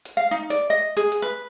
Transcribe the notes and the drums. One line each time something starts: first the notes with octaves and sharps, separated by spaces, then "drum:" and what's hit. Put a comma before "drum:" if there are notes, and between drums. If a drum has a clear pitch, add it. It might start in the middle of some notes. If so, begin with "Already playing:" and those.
drum: hi-hat
F5
D#4
D5, drum: hi-hat
D#5
G#4, drum: hi-hat
drum: hi-hat
B4